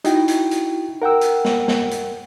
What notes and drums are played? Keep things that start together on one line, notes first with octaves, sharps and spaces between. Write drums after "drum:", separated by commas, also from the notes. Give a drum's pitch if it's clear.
D#4 E4 F#4 G5, drum: hi-hat
drum: hi-hat
drum: hi-hat
A#4 F#5 G5 E6
drum: hi-hat
drum: snare
drum: snare
drum: hi-hat